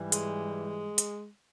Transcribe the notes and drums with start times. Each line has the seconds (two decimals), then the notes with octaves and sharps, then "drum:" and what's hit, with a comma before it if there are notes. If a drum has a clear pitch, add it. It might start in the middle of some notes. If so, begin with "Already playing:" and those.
Already playing: G#2 E3 G3
0.12 G#3, drum: hi-hat
0.98 drum: hi-hat